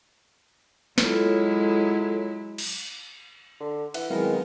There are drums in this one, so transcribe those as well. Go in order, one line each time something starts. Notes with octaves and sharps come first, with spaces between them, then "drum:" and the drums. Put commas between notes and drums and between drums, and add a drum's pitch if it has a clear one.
F#3 G#3 E4 F4 A4 C#5, drum: snare
drum: cymbal
D3
E3 E5 F#5, drum: cymbal
D#3 F#3 G#3 B3 C4 E4 A#4 F5